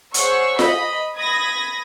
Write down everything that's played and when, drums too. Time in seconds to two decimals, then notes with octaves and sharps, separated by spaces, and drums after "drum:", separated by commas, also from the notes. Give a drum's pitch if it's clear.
0.14 G#4 C5 C#5 F#5 C#6 E6, drum: hi-hat
0.59 D#5 B5, drum: snare F4
1.16 B5 D#6 G#6 A#6